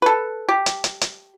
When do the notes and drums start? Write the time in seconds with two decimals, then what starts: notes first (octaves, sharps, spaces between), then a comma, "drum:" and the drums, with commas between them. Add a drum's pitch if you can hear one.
0.02 A4 B4
0.49 G4
0.66 drum: hi-hat
0.84 drum: hi-hat
1.01 drum: hi-hat